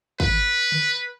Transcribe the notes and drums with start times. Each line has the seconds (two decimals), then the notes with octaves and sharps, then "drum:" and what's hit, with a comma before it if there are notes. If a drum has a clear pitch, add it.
0.20 B4, drum: kick
0.72 drum: tom D3